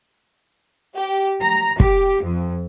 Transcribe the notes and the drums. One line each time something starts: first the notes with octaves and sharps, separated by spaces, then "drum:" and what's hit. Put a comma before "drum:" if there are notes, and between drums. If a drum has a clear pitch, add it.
G4
A#5
G4, drum: kick
F2